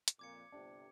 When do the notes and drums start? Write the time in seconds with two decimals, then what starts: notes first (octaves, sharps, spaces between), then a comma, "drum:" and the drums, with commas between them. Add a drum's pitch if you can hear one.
0.08 drum: hi-hat
0.19 F2 A#2 D6 G#6 C#7
0.52 G1 C3 D4